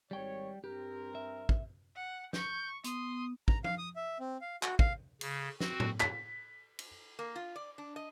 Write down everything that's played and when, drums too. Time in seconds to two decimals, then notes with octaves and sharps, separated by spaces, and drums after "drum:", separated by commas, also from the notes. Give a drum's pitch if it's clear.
0.11 G#1 G3 C#5 G5
0.64 G2 C4 G4 A#4
1.15 E5
1.49 drum: kick
1.96 F#5
2.33 C#6 G6, drum: snare
2.84 B3 C6 D#6, drum: hi-hat
3.48 A#5, drum: kick
3.64 F5, drum: tom F3
3.78 D#6
3.96 E5
4.20 C4
4.41 F5
4.63 F#4, drum: clap
4.79 F5, drum: kick
5.21 C#3, drum: cymbal
5.60 C4 F#4, drum: snare
5.80 drum: tom A2
6.00 B6, drum: clap
6.79 drum: cymbal
7.19 A#3
7.36 F4
7.56 D5
7.78 D4
7.96 D#5